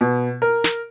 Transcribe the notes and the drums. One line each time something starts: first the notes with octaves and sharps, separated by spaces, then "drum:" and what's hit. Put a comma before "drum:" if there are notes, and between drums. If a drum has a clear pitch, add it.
B2
A#4
drum: snare